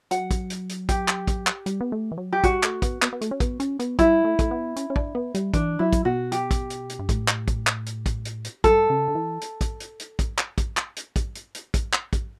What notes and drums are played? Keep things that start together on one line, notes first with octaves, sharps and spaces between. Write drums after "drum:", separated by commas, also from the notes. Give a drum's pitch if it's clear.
F#3 F#5, drum: hi-hat
drum: kick, hi-hat
drum: hi-hat
drum: hi-hat
G4, drum: kick, hi-hat
drum: clap
drum: kick, hi-hat
drum: clap
G3, drum: hi-hat
B3
A3
E3
F#3
G4
G3 F#4, drum: kick, hi-hat
A3, drum: clap
B3, drum: kick, hi-hat
B3, drum: clap
B3
A3, drum: hi-hat
C#4
B3, drum: kick, hi-hat
C#4, drum: hi-hat
B3, drum: hi-hat
G3 E4, drum: kick, hi-hat
A3
A3, drum: kick, hi-hat
B3
C#4, drum: hi-hat
C#4
D4, drum: kick
B3
G3, drum: hi-hat
E3 D4, drum: kick, hi-hat
F#3 E4
drum: kick, hi-hat
B2 F#4
G4, drum: hi-hat
drum: kick, hi-hat
drum: hi-hat
drum: hi-hat
G2
A2, drum: kick, hi-hat
drum: clap
drum: kick, hi-hat
drum: clap
drum: hi-hat
drum: kick, hi-hat
drum: hi-hat
drum: hi-hat
G2 A4, drum: kick, hi-hat
C#3
D3
E3
drum: hi-hat
drum: kick, hi-hat
drum: hi-hat
drum: hi-hat
drum: kick, hi-hat
drum: clap
drum: kick, hi-hat
drum: clap
drum: hi-hat
drum: kick, hi-hat
drum: hi-hat
drum: hi-hat
drum: kick, hi-hat
drum: clap
drum: kick, hi-hat